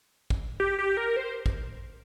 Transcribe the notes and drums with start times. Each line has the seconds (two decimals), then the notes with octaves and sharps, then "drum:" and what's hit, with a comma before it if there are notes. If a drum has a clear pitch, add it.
0.30 drum: kick
0.60 G4
0.79 G4
0.97 A#4
1.17 C5
1.46 drum: kick